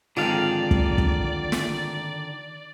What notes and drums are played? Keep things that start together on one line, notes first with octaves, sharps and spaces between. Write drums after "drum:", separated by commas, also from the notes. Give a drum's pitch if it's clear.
F2 G#2 D3 D#3 D4 F4 D5 F5
drum: kick
drum: kick
drum: snare